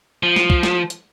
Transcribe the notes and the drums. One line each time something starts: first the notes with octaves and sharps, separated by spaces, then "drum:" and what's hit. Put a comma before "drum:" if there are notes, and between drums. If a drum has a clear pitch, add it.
F3
drum: snare
drum: kick
drum: snare
drum: hi-hat